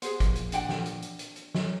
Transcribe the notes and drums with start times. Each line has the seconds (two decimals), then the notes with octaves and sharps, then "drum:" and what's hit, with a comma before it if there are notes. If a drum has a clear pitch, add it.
0.02 B3 G#4 C5 F#5, drum: hi-hat
0.20 A#2 F3, drum: kick, hi-hat
0.35 drum: hi-hat
0.52 D4 F#5 G5, drum: hi-hat
0.69 drum: snare
0.86 drum: hi-hat
1.02 drum: hi-hat
1.19 drum: hi-hat
1.36 drum: hi-hat
1.54 F#3, drum: snare